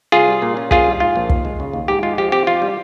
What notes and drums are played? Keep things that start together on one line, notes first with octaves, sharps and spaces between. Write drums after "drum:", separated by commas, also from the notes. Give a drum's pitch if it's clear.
C2 F4 G#4
G3
A#2
C#4
A#1 F4 G#4, drum: kick
G3
G#2 F4
A#1
D#2, drum: kick
G#3
C#3
D#2
G#2 G4
G#3 F4
F3 G4
C4 G4
F2 F4
G3